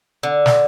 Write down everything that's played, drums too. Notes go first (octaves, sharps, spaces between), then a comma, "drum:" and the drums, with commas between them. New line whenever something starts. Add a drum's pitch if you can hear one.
D3
drum: snare